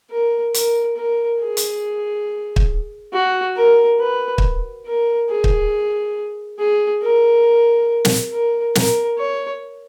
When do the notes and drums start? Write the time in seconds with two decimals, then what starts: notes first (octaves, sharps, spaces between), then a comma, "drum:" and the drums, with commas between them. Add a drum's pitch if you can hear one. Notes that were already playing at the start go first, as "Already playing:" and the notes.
0.11 A#4
0.54 A#4, drum: hi-hat
0.97 A#4
1.41 G#4
1.57 drum: hi-hat
2.56 drum: kick
3.13 F#4
3.57 A#4
4.00 B4
4.38 drum: kick
4.86 A#4
5.30 G#4
5.44 drum: kick
6.59 G#4
7.03 A#4
8.05 drum: snare
8.33 A#4
8.75 A#4, drum: snare
9.18 C#5